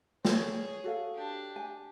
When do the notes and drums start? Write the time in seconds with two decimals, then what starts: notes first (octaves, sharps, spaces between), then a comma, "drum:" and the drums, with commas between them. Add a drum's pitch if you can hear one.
0.25 G#4 C#5, drum: snare
0.84 F#4 A4 F5
1.14 D4 G4
1.56 G#5